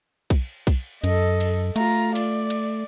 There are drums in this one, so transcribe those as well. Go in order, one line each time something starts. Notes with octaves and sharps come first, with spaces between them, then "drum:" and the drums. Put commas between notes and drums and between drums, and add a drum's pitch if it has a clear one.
drum: kick B1, cymbal
drum: kick B1, cymbal
F#2 A4 D#5, drum: cymbal
drum: cymbal
A3 F4 A#5, drum: cymbal
D5, drum: cymbal
drum: cymbal